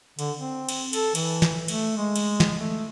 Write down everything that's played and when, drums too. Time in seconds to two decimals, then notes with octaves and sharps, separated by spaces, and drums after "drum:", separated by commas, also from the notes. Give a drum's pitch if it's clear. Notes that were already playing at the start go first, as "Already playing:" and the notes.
0.19 D3, drum: cymbal
0.39 C4
0.69 drum: cymbal
0.93 A4, drum: cymbal
1.15 E3, drum: cymbal
1.42 drum: snare
1.68 A3, drum: cymbal
1.97 G#3
2.16 drum: cymbal
2.40 drum: snare
2.59 A3